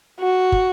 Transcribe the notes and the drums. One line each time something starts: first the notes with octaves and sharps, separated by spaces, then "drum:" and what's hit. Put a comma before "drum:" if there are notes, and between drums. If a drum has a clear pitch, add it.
F#4
drum: kick